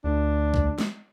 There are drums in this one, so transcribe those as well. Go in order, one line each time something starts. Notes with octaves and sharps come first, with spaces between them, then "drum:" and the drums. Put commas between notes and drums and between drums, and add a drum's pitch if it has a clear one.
D2 D4
drum: kick B1
drum: snare